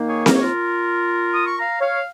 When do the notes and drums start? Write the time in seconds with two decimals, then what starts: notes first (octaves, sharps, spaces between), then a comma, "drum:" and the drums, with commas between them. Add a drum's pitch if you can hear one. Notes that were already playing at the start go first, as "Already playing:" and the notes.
Already playing: D#3 A#3 D#4
0.09 G#4 C#5
0.26 A#4, drum: snare C4
0.34 C#5
0.42 F4 A#4
1.34 D#6
1.47 C#6
1.59 F5 A#5
1.81 C#5 F5